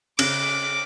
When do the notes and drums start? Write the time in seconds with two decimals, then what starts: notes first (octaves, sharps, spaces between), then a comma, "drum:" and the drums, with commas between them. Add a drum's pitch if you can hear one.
0.19 C#3 D6, drum: cymbal